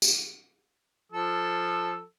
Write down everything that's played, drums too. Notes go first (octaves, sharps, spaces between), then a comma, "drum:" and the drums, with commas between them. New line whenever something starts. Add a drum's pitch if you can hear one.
drum: tambourine
F3 A4 E6